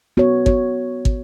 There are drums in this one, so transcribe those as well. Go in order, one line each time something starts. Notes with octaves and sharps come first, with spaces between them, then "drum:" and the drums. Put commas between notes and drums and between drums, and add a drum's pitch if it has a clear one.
B3 F#4 C#5
B3 F#4 C#5, drum: kick
drum: kick